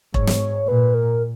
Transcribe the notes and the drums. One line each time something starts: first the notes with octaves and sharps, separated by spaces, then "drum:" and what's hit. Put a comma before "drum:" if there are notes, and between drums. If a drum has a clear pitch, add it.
G#2 C#5, drum: kick E1
drum: snare
A#2 B4
A#4